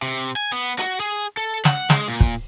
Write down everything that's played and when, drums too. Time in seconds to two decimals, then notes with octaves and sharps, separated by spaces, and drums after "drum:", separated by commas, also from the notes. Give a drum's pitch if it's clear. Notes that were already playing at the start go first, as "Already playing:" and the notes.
0.02 C3
0.36 G#5
0.52 B3
0.79 F#4, drum: hi-hat
1.00 G#4
1.37 A4
1.65 F#5, drum: snare
1.90 G#3, drum: snare
2.08 A#2
2.20 drum: kick